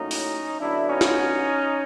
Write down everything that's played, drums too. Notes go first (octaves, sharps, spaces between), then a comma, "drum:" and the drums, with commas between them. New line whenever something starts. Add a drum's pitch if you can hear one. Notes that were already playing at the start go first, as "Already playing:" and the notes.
Already playing: A2 F#3 A#3 C#4 D#4
drum: open hi-hat
D3 F#3 B3 D4 E4
C#4 D#4
drum: snare